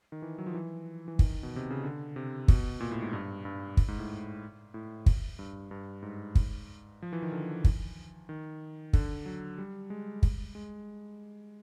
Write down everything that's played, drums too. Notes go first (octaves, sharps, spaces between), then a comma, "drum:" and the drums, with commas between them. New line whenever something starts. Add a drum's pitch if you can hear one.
D#3
E3
F#3
F3
E3
E3
D#3, drum: kick
B2
C3
C#3
D3
C3
B2, drum: kick
A#2
A2
G#2
G2
G2
drum: kick
G#2
A2
A2
drum: kick
G2
G2
G#2
drum: kick
F3
E3
D#3
D3
drum: kick
D#3
D3, drum: kick
F#3
G3
G#3
drum: kick
G#3